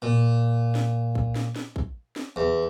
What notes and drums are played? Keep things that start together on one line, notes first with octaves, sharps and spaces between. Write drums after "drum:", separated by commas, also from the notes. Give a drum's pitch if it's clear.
A#2
drum: snare
drum: kick
drum: snare
drum: snare
drum: kick
drum: snare
E2